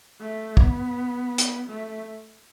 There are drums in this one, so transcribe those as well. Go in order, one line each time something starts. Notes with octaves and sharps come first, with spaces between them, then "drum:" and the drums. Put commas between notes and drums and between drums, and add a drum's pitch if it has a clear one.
A3
B3, drum: kick
drum: hi-hat
A3